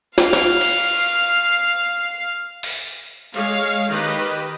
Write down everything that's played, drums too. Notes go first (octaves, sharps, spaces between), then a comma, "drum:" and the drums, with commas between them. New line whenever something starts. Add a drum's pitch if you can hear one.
F5 F6, drum: snare
drum: snare
drum: cymbal
drum: open hi-hat
G#3 C#5 F5, drum: hi-hat
D#3 G4 B4 D#5